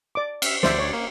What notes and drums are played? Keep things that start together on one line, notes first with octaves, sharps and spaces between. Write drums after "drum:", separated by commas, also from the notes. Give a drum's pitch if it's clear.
D5 D6
E5 F6, drum: cymbal
D2 C5 D5 E5, drum: snare
C#5
A#3